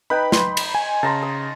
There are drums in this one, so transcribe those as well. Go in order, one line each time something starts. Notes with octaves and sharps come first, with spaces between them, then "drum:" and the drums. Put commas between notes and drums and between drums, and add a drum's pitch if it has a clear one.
D#4 B4 G5 B5
C6, drum: snare
drum: cymbal
G#5
C#3 A5 A#5 C6
D#6